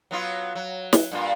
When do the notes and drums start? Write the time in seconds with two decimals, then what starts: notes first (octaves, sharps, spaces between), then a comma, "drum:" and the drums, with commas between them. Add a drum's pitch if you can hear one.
0.11 F#3 B3 F4
0.55 F#3
0.93 drum: snare
1.12 G2 A#2 F4